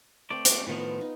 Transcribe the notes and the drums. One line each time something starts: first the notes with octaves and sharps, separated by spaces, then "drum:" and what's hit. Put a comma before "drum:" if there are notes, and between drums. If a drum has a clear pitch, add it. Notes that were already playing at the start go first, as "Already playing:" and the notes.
A3 C4 C5 D5
drum: hi-hat
A2 D#3 F3 B3 F4
D#4